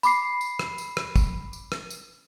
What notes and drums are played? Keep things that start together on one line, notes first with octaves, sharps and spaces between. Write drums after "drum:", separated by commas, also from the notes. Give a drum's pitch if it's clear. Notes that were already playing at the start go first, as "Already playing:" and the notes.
B5 D6 C7, drum: tambourine
drum: tambourine
drum: rim click
drum: tambourine
drum: rim click
drum: kick, tambourine
drum: tambourine
drum: rim click
drum: tambourine